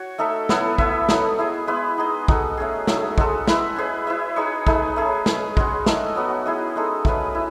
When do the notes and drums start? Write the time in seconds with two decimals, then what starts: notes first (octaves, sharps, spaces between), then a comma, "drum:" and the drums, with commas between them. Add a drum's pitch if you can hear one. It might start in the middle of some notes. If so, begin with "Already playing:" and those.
Already playing: F#4 C#5
0.18 A3 D#4 A4 E5
0.49 F#3 B3 E4 A4, drum: snare
0.78 A3 E4 B4 E5, drum: kick
1.09 F#3 A3 D#4 A4, drum: snare
1.39 E4 G#4 D#5
1.68 G#3 B3 E4 B4
1.98 D#4 G#4 D#5
2.28 D#4 F#4 A4, drum: kick
2.57 A3 C#4 G#4
2.87 F#3 A3 D#4 G#4, drum: snare
3.18 G#3 D#4 F#4 A4, drum: kick
3.48 E4 B4 E5, drum: snare
3.77 C#4 G#4 B4
4.07 E4 B4 E5
4.36 D#4 G#4 C#5
4.67 A3 D#4 G#4 B4, drum: kick
4.96 A3 C#4 G#4
5.26 C#4 G#4 B4, drum: snare
5.57 G#3 C#4 F#4, drum: kick
5.86 A3 D#4 A4 D#5, drum: snare
6.15 F#3 B3 F#4
6.46 E4 G#4 D#5
6.76 G#3 D#4 A4
7.05 A3 C#4 G#4 B4, drum: kick
7.35 E4